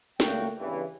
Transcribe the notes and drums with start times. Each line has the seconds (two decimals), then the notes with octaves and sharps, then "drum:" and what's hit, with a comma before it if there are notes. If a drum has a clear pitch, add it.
0.20 C#2 A#2 A3 A#3 F#4 G5, drum: snare
0.58 E2 G2 C#3 E3